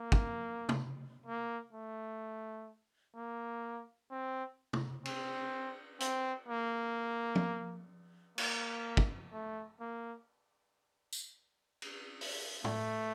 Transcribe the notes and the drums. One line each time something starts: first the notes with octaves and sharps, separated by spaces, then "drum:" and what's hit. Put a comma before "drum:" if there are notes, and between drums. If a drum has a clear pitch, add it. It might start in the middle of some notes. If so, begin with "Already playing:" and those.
Already playing: A#3
drum: kick
drum: tom
A#3
A3
A#3
C4
drum: tom
C4, drum: cymbal
C4, drum: hi-hat
A#3
drum: tom F3
A#3, drum: cymbal
drum: kick
A3
A#3
drum: tambourine
drum: cymbal
drum: open hi-hat
A3, drum: tom